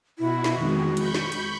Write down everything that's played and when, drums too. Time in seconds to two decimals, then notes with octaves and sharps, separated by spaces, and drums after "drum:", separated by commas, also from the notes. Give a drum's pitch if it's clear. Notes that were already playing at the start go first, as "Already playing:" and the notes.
0.19 B2 E4 F#4
0.44 drum: snare
0.53 F2 D#3 G#3 F#4
0.97 B5 C#6 G6, drum: hi-hat
1.14 drum: snare
1.32 drum: hi-hat